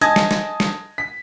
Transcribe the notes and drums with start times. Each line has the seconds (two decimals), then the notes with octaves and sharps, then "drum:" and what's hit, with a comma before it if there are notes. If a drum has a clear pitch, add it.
0.01 D#5 G#5 A5 D#6 G#6 A#6, drum: hi-hat
0.16 drum: snare
0.31 drum: snare
0.60 drum: snare
0.98 B6